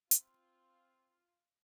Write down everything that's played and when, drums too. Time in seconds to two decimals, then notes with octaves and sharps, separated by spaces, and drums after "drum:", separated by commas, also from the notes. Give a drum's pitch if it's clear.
0.11 C4 F4, drum: hi-hat